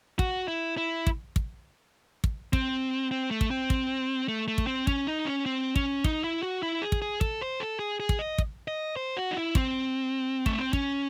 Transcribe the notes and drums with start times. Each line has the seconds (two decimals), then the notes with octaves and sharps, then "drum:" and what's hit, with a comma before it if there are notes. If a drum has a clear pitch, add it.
0.19 F#4, drum: kick
0.48 E4
0.77 E4
1.07 drum: kick
1.36 drum: kick
2.24 drum: kick
2.53 C4, drum: kick
3.11 C4
3.31 A3
3.41 drum: kick
3.51 C4
3.70 drum: kick
4.28 A3
4.48 A3
4.58 drum: kick
4.67 C4
4.87 C#4, drum: kick
5.07 D#4
5.26 C#4
5.46 C4
5.76 C#4, drum: kick
6.04 D#4, drum: kick
6.24 E4
6.43 F#4
6.63 E4
6.82 G#4
6.92 drum: kick
7.02 G#4
7.21 A4, drum: kick
7.41 C5
7.60 A4
7.79 G#4
8.00 G#4
8.09 drum: kick
8.19 D#5
8.38 drum: kick
8.68 D#5
8.96 C5
9.17 F#4
9.31 D#4
9.36 E4
9.55 C4, drum: kick
10.46 A3, drum: kick
10.58 C4
10.73 C#4, drum: kick